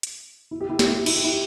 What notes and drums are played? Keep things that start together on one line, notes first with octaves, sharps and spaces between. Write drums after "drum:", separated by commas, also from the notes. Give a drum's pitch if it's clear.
drum: hi-hat
E4
G4
E4
G4, drum: snare
E4
G4
E4, drum: cymbal
G4
E4